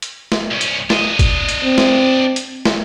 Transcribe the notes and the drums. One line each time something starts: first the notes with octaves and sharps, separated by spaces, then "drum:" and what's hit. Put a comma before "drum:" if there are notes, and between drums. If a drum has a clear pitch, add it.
drum: hi-hat
drum: snare
C2 C#4
drum: hi-hat
D4 D#5, drum: snare
drum: kick G1, hi-hat
drum: hi-hat
C4
drum: snare
drum: hi-hat
drum: snare